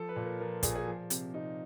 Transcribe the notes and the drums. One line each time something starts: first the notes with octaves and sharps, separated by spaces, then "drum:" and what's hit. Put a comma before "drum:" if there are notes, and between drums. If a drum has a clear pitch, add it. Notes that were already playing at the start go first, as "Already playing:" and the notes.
Already playing: F3 A4
B4
A#2
A#4
F3 A#4
A#2 G#4, drum: kick, hi-hat
G#4
F3
C3, drum: hi-hat
C3 D#4